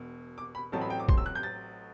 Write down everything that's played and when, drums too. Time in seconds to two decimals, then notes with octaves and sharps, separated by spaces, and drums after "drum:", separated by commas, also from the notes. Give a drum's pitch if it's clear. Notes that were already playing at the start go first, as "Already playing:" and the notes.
Already playing: E1 B2
0.38 D6
0.55 B5
0.72 A1 A2 F#3 C4 A5
0.81 B5
0.90 G5
1.00 D6
1.09 C6, drum: kick A#1
1.18 E6
1.26 F#6
1.35 G6
1.43 A6